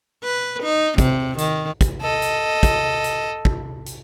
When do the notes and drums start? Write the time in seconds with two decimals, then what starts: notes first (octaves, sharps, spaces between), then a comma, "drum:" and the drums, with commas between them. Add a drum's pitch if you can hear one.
0.24 B4
0.63 D#4
0.98 C3, drum: kick, hi-hat
1.38 D#3, drum: hi-hat
1.81 drum: kick, hi-hat
2.01 A4 D#5
2.22 drum: hi-hat
2.63 drum: kick, hi-hat
3.04 drum: hi-hat
3.45 drum: kick
3.86 drum: hi-hat